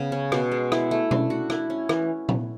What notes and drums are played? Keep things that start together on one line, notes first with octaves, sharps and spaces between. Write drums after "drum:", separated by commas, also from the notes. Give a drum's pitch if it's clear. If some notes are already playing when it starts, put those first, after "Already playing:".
Already playing: C#3 B3 G#4
C#4
B2, drum: rim click
G#3
E4, drum: rim click
A3
D4, drum: tom
F#4
E4, drum: rim click
C#4
E3, drum: rim click
drum: tom A#2